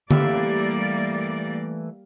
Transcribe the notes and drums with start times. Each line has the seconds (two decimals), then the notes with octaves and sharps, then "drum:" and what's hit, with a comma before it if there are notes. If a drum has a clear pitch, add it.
0.11 E3 G3 A3 A#3 G4 D5 E5 F5, drum: tom D3